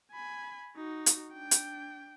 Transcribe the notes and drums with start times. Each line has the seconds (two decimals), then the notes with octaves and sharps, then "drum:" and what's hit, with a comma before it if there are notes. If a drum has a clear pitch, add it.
0.12 G#5 B5
0.76 D#4 F#4
1.06 drum: hi-hat
1.33 D4 G5
1.51 drum: hi-hat